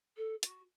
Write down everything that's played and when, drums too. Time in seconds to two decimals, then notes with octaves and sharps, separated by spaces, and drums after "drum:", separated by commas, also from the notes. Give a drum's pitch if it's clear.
0.17 A4
0.43 F#4, drum: hi-hat